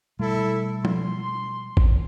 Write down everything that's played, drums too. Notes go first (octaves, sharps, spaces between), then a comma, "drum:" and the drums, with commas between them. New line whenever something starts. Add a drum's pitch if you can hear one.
B2 G3 A3 E4 A4
C6, drum: tom F3
drum: kick